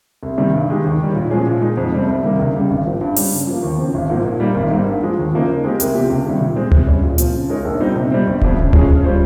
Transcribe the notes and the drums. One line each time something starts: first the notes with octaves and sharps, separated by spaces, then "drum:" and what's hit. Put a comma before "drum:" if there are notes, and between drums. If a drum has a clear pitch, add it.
C2
C3 D#3 G3
G2
D#3 G#3 D#4 G4
D#2
D#3 G3
A#2
F3 G#3 C#4 G#4
A#2
G#3 D#4
F2
C3 G3 C4
C2
C3 D#3 G3 A#3
C#2
C#3 G3
G#1
G#2 F3
G2
G3 C#4, drum: open hi-hat
C#3
F3 A#3
D#2
C#3 F3 C4
G#1
G#2 F3 A#3
A#2
G3 A#3 D#4
G#1
G#2 G3 A#3
G2
F3 G#3
D#2
C#3 F3 A#3 D#4
C#3
G#3 C4 G4 A#4
C2, drum: hi-hat
C3 F3 C4 G4
C#2
C3 D#3 G3
A#2
G#3 C4
C3, drum: tom C#2
G3 C#4 G#4
A#2
F3 C4 F4, drum: hi-hat
C#3
G#3 D#4 A#4 C#5
A#1
A#2 G3 C4 D#4
C3
G3 C4
G1
F2 C3 G3, drum: kick D1
C#3
F3 G#3 C#4 G#4, drum: tom C#2
C#3
G3 C#4 F4 C5